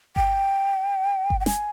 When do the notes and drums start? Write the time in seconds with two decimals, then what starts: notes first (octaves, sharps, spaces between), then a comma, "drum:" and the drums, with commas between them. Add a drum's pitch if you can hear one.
0.16 G5, drum: kick G1
1.30 drum: kick G1
1.40 G5
1.46 G#5, drum: snare